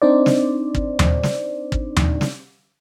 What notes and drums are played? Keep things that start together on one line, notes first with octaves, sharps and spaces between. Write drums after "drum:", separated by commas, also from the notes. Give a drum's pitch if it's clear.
C4 D4 D#4 C5 D5
drum: snare
drum: kick
drum: tom D#2
drum: snare
drum: kick
drum: tom D#2
drum: snare